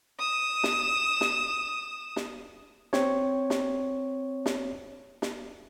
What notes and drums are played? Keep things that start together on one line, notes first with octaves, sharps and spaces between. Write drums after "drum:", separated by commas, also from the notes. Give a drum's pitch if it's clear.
D#6 E7
drum: snare
drum: snare
drum: snare
C4 C#5, drum: snare
drum: snare
drum: snare
drum: snare